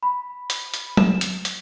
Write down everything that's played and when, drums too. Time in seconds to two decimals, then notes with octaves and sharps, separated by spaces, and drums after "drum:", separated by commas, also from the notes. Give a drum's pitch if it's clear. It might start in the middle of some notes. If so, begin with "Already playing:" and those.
0.03 B5
0.50 drum: hi-hat
0.74 drum: hi-hat
0.97 E7, drum: tom F#3
1.21 drum: hi-hat
1.45 drum: hi-hat